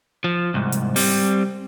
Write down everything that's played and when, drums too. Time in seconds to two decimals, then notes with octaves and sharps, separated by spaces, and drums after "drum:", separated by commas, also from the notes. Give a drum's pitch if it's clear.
0.24 F3
0.54 C2 G#2
0.72 drum: hi-hat
0.96 G3 C4, drum: open hi-hat